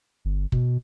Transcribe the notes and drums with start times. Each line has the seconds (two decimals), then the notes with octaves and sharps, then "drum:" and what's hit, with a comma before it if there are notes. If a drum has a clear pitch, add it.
0.25 G1
0.52 B2, drum: kick